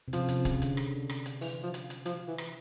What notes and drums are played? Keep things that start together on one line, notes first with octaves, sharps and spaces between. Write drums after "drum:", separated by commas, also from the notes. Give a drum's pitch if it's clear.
C3
C#3 F3, drum: hi-hat
C3, drum: hi-hat
C#3, drum: kick, hi-hat
D3, drum: hi-hat
D3, drum: rim click
drum: rim click
drum: hi-hat
E3, drum: open hi-hat
F3
drum: hi-hat
drum: hi-hat
F3, drum: hi-hat
E3
drum: rim click